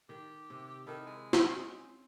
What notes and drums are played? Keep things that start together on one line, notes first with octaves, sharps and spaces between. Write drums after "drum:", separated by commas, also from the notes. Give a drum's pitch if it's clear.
D#3 G4
C3
D#3 E4 A4
G#3
C4 C#4, drum: snare